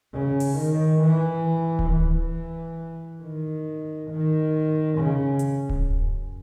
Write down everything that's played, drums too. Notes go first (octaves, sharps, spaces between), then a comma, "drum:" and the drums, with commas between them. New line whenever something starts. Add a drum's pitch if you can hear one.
C#3
drum: open hi-hat
D#3
E3
drum: kick D1
E3
D#3
D#3
C#3
drum: hi-hat
drum: kick D1
F#2